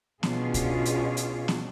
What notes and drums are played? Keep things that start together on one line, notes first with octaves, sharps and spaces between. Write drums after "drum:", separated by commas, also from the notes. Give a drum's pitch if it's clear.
B2 C#4 D4 F4 G#4, drum: snare B3
drum: kick C2, hi-hat
drum: hi-hat
drum: hi-hat
drum: snare B3